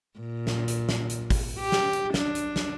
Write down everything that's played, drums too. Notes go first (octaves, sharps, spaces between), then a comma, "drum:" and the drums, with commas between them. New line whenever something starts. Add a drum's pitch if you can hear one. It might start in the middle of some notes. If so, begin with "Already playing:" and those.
A#2
drum: snare
drum: hi-hat
drum: snare
drum: hi-hat
drum: kick, open hi-hat
G4
drum: snare
drum: hi-hat
D4, drum: snare
drum: hi-hat
drum: snare